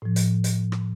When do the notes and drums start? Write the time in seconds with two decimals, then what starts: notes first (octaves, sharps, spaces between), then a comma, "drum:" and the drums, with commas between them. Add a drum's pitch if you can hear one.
0.02 A2 F3
0.16 drum: hi-hat
0.44 drum: hi-hat
0.72 drum: rim click